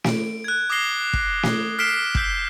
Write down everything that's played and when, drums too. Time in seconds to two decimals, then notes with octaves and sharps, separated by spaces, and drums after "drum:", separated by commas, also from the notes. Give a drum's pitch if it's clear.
0.04 D7, drum: snare
0.44 F#6 G#6
0.70 D6 D#6 G#6 A#6 C7 G7
1.13 drum: kick
1.43 drum: snare
1.79 F6 B6 C7 D7 E7
2.15 E6 G6 B6, drum: kick